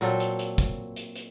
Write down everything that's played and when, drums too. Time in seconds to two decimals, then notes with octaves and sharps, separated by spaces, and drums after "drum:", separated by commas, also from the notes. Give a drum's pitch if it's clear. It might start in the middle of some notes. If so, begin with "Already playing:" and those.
0.01 A#2 F#3 C4 A4
0.20 drum: hi-hat
0.39 drum: hi-hat
0.58 drum: kick, hi-hat
0.96 drum: hi-hat
1.15 drum: hi-hat